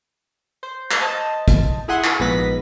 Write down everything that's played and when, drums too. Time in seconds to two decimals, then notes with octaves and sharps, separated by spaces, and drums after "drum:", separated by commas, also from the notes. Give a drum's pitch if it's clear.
0.63 C5
0.91 drum: clap
1.01 C5 D#5 A5
1.48 drum: kick, hi-hat
1.88 E4 G#4 E5 F#5 G#5 C6
2.04 drum: clap
2.20 A#1 G#2 B3 B4 A#6 B6